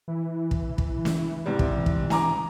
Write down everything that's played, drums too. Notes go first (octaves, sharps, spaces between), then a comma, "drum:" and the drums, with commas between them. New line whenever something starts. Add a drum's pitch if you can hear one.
E3
drum: kick
drum: kick
drum: snare
G#2 C3 G3
drum: kick
drum: kick
G#5 A#5 D6, drum: snare